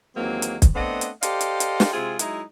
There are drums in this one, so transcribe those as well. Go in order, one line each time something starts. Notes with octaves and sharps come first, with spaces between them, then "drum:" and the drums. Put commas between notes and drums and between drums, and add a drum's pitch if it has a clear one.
D#2 E3 F#3 G#3 A#3 C4
drum: hi-hat
drum: kick, hi-hat
A3 B3 C4 D4 D#5 F#5
drum: hi-hat
G4 A4 C5 D5 D#5 F5, drum: hi-hat
drum: hi-hat
drum: hi-hat
drum: snare
C3 G#3 C4 E4 F4 G#4
F#3 G#3 D#4 E4, drum: hi-hat